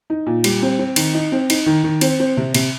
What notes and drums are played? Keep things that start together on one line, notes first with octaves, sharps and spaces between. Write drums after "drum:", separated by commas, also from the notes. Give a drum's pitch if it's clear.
D#4
A#2
G3, drum: cymbal
C4
C4
D#3, drum: cymbal
D#4
C4
D#4, drum: cymbal
D#3
D#3
C4, drum: cymbal
C4
C3
C3, drum: cymbal